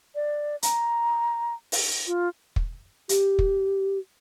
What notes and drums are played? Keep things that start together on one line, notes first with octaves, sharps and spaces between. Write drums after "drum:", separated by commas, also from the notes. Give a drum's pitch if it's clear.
D5
A#5, drum: hi-hat
drum: open hi-hat
F4
drum: kick
G4, drum: hi-hat
drum: kick